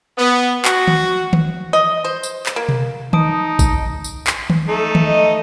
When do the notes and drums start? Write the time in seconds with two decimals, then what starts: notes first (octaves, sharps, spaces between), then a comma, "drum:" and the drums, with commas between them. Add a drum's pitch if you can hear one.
0.17 B3
0.65 F#4, drum: clap
0.88 drum: tom
1.33 drum: tom
1.73 D#5
2.04 C5
2.23 drum: tambourine
2.46 drum: clap
2.56 A#3
2.69 drum: tom B2
3.13 D#4 A5 D#6 D7, drum: tom D#3
3.59 drum: kick, tambourine
4.04 drum: tambourine
4.27 drum: clap
4.50 drum: tom D#3
4.69 A3 D#4 A4
4.95 drum: tom
5.07 D#5